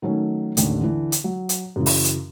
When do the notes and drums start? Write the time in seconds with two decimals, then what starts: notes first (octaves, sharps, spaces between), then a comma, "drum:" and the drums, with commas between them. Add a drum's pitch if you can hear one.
0.02 D#3 F#3 A3 C#4
0.57 A1 D#2 D3, drum: hi-hat
0.81 D3 E3
1.12 drum: hi-hat
1.24 F#3
1.49 drum: hi-hat
1.76 F#2 C#3 E3
1.86 drum: open hi-hat
2.04 drum: hi-hat